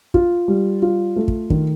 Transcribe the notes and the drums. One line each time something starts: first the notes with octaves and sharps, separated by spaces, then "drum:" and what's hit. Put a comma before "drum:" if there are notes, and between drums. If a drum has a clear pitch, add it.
F4, drum: kick
G3
F4
A3
drum: kick
D#3, drum: kick